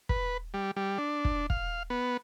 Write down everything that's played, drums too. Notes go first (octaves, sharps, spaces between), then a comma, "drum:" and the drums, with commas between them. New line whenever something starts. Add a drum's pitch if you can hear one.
B4, drum: kick
G3
G3
D4
drum: kick
F5, drum: kick
B3